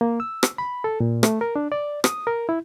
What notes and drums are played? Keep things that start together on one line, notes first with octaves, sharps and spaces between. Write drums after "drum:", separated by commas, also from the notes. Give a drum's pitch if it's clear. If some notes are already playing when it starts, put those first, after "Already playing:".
A#3
E6
drum: rim click
B5
A4
A#2
A3, drum: rim click
A#4
D4
D5
D#6, drum: rim click
A#4
E4